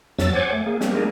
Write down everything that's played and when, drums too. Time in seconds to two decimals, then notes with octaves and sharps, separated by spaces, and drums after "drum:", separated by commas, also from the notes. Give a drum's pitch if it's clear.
0.19 F2 F#3 E6 A6, drum: snare
0.33 C5 C#5 F#5 G#5 D6
0.53 A3
0.66 A#3 G#4
0.81 G3 A#3 C4, drum: snare
0.95 G#3 A#3 D4 D#4 G#4 A#4